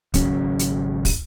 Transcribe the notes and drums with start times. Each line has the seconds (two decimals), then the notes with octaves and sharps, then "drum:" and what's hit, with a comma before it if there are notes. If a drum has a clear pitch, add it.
0.14 G#1 C#3 F#3 C#4, drum: kick, hi-hat
0.59 drum: hi-hat
1.05 drum: kick, open hi-hat